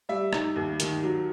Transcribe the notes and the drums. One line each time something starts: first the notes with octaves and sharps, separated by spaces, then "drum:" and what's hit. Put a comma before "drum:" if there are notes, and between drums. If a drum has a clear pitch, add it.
G3 E5
D#4, drum: rim click
D#2
D#3, drum: hi-hat
F#3